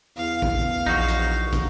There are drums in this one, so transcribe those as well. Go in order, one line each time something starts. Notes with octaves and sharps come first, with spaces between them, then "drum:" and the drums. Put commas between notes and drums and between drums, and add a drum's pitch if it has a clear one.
E2 F5
drum: kick
A#1 D#4 F#4
drum: hi-hat
drum: kick, hi-hat